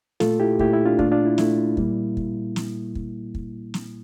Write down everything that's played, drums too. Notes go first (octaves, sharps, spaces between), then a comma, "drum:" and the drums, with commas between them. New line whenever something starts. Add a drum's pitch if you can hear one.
A#2 A3 F4 A4, drum: snare
E4 G4
A#2 A3 E4 G4, drum: kick
E4
D4 F4
A#2 A3 D4 F4, drum: kick
D4 F4
E4
A#2 A3 E4, drum: snare
A#2 G3 A#3, drum: kick
drum: kick
drum: snare
drum: kick
drum: kick
drum: snare